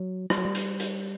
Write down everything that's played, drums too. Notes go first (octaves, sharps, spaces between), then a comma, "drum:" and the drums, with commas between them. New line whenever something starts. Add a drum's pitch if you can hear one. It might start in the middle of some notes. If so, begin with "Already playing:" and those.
Already playing: F#3
G3, drum: rim click
F#3
G3
drum: hi-hat
drum: hi-hat